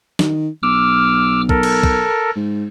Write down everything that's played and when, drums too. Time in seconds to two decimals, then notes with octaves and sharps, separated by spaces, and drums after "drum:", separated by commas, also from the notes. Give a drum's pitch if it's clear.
0.19 D#3, drum: snare
0.63 B1 D6 E6 F6
1.49 A4 A#4, drum: kick
1.63 drum: cymbal
1.83 drum: kick
2.36 G#2